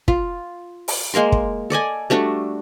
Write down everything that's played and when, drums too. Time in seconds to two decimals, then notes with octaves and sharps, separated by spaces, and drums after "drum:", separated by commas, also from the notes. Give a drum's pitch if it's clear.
0.08 F4, drum: kick
0.88 drum: open hi-hat
1.14 G#3 A#3 A#4 C6
1.32 drum: kick
1.70 A4 D5 D#5 G#5
2.10 G3 A3 D4 F#4